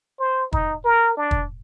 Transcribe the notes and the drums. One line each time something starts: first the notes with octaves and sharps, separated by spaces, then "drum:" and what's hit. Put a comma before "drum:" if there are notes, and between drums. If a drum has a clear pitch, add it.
C5
D#4, drum: kick
A#4
D4
drum: kick